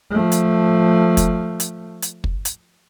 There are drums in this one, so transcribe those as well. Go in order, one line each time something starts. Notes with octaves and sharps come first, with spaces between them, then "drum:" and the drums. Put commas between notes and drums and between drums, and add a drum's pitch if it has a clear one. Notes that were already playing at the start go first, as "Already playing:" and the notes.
F3 A3
drum: hi-hat
drum: kick, hi-hat
drum: hi-hat
drum: hi-hat
drum: kick
drum: hi-hat